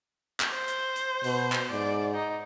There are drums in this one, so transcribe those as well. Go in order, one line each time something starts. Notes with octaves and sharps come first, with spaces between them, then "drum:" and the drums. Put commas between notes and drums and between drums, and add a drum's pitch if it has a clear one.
drum: clap
C5
drum: hi-hat
drum: hi-hat
B2, drum: open hi-hat
drum: clap
G#2 D5
D#4